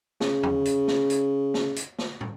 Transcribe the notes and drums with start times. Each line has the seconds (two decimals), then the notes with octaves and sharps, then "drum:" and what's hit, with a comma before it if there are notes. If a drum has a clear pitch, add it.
0.21 C#3, drum: snare
0.43 drum: tom E2
0.65 drum: hi-hat
0.88 drum: snare
1.10 drum: hi-hat
1.54 drum: snare
1.76 drum: hi-hat
1.99 drum: snare
2.21 drum: tom